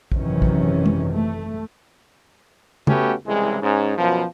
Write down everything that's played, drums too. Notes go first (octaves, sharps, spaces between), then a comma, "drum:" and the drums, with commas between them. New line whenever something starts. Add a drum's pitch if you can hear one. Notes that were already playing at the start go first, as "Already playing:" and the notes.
G#1 F#2 C3 D#3 E3 C#4, drum: kick A#1
drum: kick A#1
drum: tom G#3
A3
A3 B3 C#4 F#4 G4, drum: tom
C2 C#3 E3 G#3
G#2 C#4
F#2 B2 F3